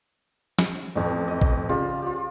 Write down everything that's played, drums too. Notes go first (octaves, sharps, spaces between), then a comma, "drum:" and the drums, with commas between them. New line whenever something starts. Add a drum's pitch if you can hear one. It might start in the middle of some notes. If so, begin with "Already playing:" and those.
drum: snare
A1 F2
D#5
drum: kick A1
C#3 G3 F4
F4 G4